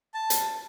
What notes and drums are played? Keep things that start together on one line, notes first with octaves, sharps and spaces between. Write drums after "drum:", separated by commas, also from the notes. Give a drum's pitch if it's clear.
A5
drum: hi-hat